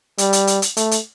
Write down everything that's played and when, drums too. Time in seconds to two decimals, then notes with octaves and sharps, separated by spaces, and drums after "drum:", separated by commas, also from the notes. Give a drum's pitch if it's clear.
0.18 G3, drum: hi-hat
0.33 drum: hi-hat
0.47 drum: hi-hat
0.62 drum: hi-hat
0.77 A3, drum: hi-hat
0.91 drum: hi-hat